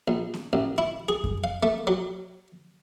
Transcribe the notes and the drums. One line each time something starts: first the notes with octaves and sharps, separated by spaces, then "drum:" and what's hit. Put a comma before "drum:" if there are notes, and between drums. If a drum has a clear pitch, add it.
A#1
drum: snare B3
A1
E4
G#4
drum: kick F#2
F5
A3
F#3